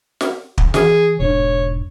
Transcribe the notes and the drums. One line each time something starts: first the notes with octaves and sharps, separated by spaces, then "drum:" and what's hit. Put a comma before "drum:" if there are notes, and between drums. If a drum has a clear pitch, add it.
drum: snare
drum: kick
E3 G#4, drum: snare
E1 G#2 D4 C#5